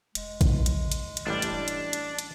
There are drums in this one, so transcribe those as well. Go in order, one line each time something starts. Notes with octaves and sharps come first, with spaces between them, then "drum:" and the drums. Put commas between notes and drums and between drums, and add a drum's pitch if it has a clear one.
F1 G#3, drum: hi-hat
drum: kick A#1, hi-hat
drum: hi-hat
drum: hi-hat
drum: hi-hat
A1 G3 D4
drum: hi-hat
drum: hi-hat
drum: hi-hat
drum: hi-hat